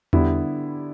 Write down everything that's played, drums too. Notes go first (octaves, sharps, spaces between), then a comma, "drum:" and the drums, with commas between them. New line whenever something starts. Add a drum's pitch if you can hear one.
D3 G3 B3 E4, drum: tom E2